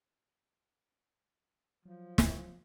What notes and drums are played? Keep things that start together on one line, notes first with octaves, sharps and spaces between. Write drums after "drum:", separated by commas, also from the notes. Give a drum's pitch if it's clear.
F3 F#3
drum: snare